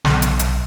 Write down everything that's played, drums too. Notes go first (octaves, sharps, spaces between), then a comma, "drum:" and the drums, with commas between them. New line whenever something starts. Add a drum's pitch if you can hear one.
B1, drum: snare
drum: hi-hat
drum: hi-hat